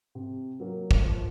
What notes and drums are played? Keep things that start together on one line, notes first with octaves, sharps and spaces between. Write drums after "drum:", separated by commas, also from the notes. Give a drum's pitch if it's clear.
C3
F#3 A#3
drum: kick
F3